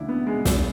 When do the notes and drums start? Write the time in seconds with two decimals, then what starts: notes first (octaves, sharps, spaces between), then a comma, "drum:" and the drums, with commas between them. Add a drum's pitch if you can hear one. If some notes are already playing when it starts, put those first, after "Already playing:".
Already playing: D2 C#3 E3 D4 E4
0.09 B3
0.27 G#3
0.45 drum: snare